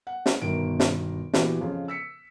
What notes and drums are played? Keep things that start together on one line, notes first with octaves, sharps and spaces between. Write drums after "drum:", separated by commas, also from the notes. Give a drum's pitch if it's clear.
F#5
drum: snare
G1 B2 D#3 A#4 D7
drum: snare
A#2 E3 B3 F#4 G4, drum: snare
F2 C#3 F4
E6 B6 C#7